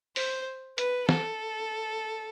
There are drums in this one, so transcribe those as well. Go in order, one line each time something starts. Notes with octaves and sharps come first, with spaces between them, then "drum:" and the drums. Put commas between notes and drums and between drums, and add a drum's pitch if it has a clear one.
C5, drum: open hi-hat
B4, drum: hi-hat
A4, drum: snare